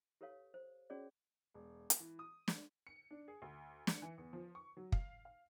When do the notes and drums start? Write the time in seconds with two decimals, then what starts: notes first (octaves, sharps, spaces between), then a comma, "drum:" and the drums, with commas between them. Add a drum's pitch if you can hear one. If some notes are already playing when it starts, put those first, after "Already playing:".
0.21 G4 A4 B4 C#5 F5
0.54 C5
0.90 C#4 F#4 G#4 C#5 D5
1.54 E1
1.90 drum: hi-hat
2.00 E3
2.19 D#6
2.48 drum: snare
2.87 C#7
3.11 D4
3.28 G#4
3.42 D2
3.87 C#7, drum: snare
4.02 E3
4.18 E2
4.33 F3
4.55 C#6
4.77 F#3
4.92 F5, drum: kick
5.25 F5